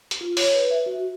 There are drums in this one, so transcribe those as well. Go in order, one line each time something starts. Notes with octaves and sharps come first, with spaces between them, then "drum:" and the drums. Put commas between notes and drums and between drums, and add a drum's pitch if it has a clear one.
drum: hi-hat
F4
C#5, drum: open hi-hat
B4
E5
F#4